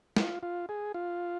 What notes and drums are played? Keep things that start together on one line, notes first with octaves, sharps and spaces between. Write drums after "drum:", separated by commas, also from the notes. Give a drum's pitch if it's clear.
F4, drum: snare
F4
G#4
F4